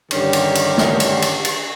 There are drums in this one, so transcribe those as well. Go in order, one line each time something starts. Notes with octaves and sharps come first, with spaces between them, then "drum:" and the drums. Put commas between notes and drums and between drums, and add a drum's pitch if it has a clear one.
G2 D3 D#3 C#4 G4, drum: cymbal
drum: cymbal
drum: cymbal
drum: snare
drum: cymbal
drum: cymbal
drum: cymbal